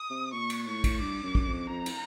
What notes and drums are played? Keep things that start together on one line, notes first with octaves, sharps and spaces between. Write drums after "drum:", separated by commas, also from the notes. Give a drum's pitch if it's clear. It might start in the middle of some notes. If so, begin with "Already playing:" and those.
Already playing: D#6
C3
A#2 C#6
drum: cymbal
A2 C#6
drum: kick, cymbal
G2 D6
F#2
drum: kick
F2
F2 A#5
drum: cymbal